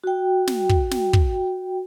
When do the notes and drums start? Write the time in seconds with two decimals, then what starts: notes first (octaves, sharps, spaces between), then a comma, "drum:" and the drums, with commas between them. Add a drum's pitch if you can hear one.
0.04 F#4 G5
0.47 drum: snare
0.69 drum: kick
0.91 drum: snare
1.13 drum: kick